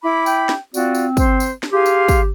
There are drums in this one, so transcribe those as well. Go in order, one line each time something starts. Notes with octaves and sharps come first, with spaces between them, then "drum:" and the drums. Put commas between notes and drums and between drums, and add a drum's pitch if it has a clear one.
E4 B5 D6
G5, drum: tambourine
drum: snare
C4 F4 F#4 D5, drum: tambourine
drum: tambourine
C5, drum: kick, tambourine
drum: tambourine
drum: snare
G4 G#4 F5 C6
drum: tambourine
drum: kick, tambourine